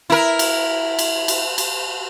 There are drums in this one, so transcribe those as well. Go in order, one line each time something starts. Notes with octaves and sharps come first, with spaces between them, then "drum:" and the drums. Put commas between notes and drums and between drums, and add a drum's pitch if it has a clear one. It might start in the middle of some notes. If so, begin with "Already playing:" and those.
E4 A#4
drum: cymbal
drum: cymbal
drum: cymbal
drum: cymbal